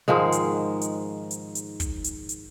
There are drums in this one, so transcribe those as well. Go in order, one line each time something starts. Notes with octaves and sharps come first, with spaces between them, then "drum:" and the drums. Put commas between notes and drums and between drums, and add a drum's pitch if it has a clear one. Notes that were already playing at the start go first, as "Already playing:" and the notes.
G#2 D#3 F3 G#3
drum: hi-hat
drum: hi-hat
drum: hi-hat
drum: hi-hat
drum: kick, hi-hat
drum: hi-hat
drum: hi-hat